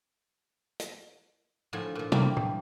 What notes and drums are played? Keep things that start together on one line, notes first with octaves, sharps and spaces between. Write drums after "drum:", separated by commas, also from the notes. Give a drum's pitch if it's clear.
drum: hi-hat
A2 D3 F3 G#5
A#2 F3
D3 E3 G3 A3 A#3 C4, drum: tom
drum: tom